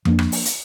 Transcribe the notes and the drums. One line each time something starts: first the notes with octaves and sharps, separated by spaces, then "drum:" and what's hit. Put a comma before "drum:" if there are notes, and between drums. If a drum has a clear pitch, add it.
F3 A#3 D4, drum: tom F2
drum: rim click
drum: open hi-hat
drum: hi-hat